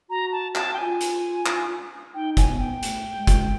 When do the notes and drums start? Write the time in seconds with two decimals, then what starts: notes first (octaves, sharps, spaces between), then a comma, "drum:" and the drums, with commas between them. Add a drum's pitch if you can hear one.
0.10 F#4 A#5
0.32 A5
0.55 A5, drum: clap
0.74 G5
0.78 F4 G#5
1.01 drum: hi-hat
1.46 drum: clap
2.14 D#4 G5
2.37 G#5, drum: kick, hi-hat
2.48 B3
2.60 G5
2.83 A3, drum: hi-hat
3.17 G#3
3.27 drum: kick, hi-hat